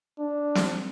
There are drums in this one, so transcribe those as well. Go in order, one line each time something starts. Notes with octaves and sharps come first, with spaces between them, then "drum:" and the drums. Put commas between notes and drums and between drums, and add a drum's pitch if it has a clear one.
D4
drum: snare